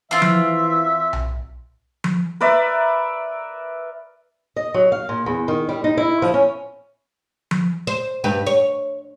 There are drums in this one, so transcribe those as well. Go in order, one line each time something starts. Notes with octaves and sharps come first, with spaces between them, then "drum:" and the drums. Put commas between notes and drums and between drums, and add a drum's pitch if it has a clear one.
E3 C4 F4 E5
drum: tom F3
drum: tom B1
drum: tom F3
A#4 B4 D5 E5
D#5
F#3
F5
A#2
E2
D#3
G3
D#4
E4
F3
C#4
drum: tom F3
C5
G2 G4 B4
C#5